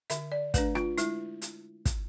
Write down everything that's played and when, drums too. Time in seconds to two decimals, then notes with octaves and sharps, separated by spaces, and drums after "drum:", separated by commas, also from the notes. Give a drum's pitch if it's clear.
0.10 D3 E5, drum: hi-hat
0.32 D5
0.54 A3 D4 B4, drum: kick, hi-hat
0.75 F4, drum: rim click
0.98 G#3 E4, drum: hi-hat
1.42 drum: hi-hat
1.85 drum: kick, hi-hat